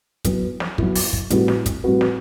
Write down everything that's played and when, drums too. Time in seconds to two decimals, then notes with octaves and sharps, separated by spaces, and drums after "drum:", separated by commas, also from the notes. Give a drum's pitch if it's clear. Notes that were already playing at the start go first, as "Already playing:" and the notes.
0.24 F#3 B3 E4, drum: kick, hi-hat
0.60 drum: snare
0.78 F#3 B3 E4, drum: kick
0.95 drum: open hi-hat
1.13 drum: kick
1.30 A2 G3 C4 F#4 B4, drum: hi-hat
1.48 drum: snare
1.66 drum: kick, hi-hat
1.84 A2 G3 C4 F#4 B4
2.01 drum: snare